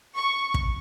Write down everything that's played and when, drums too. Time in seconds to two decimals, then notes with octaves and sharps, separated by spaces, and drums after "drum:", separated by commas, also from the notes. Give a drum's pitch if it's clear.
0.16 C#6
0.54 drum: kick